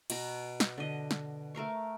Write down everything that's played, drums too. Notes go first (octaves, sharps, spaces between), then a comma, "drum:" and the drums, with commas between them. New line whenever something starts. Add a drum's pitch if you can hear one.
B2 A#5, drum: cymbal
drum: snare
D3 D#5
drum: snare
A3 A#4 F5 C#6